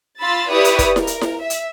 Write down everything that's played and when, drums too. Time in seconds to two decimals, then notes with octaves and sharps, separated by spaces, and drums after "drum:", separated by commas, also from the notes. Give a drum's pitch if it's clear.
0.19 F4 B5 C6 E6 A6
0.50 E4 G4 B4 D5 C#6 D#6
0.64 drum: hi-hat
0.79 drum: kick, hi-hat
0.96 A#4, drum: snare E4
1.07 drum: hi-hat
1.21 drum: snare E4
1.40 E5
1.50 drum: hi-hat